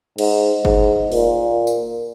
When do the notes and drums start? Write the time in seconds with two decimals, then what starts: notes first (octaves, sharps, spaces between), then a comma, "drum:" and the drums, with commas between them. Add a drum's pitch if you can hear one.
0.18 G#2, drum: cymbal
0.65 G#2, drum: kick F#1
1.12 A#2, drum: open hi-hat
1.67 drum: tambourine